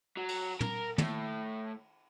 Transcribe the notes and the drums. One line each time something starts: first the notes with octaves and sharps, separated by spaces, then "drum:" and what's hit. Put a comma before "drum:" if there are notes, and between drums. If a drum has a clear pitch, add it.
F#3
drum: cymbal
A#4, drum: tom
A2, drum: tom